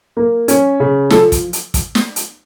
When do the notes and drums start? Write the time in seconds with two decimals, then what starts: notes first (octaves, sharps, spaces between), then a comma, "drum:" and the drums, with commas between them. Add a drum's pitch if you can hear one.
0.17 A#3
0.48 C#4, drum: hi-hat
0.80 C#3
1.10 F3 A4, drum: snare
1.32 drum: kick, hi-hat
1.53 drum: hi-hat
1.74 drum: kick, hi-hat
1.95 drum: snare
2.16 drum: hi-hat